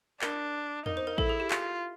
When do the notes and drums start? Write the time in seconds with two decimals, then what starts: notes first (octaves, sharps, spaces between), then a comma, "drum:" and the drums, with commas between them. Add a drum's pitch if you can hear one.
0.22 D4 A#4, drum: clap
0.86 D#4 A#4, drum: tom E2
0.97 C5
1.07 A#4
1.18 E4 A4, drum: kick A1
1.29 G#4
1.40 G4
1.51 F4, drum: clap